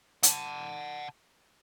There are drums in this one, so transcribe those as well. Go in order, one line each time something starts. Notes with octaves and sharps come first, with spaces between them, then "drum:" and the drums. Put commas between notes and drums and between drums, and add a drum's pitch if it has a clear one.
F#5 A5, drum: hi-hat